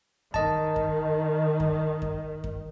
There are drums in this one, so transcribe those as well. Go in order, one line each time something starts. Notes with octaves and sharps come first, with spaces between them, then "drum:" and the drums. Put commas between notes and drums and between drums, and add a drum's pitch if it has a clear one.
D#3 D#5 A5, drum: kick F#2
drum: kick F#2
drum: kick F#2
drum: kick F#2
drum: kick F#2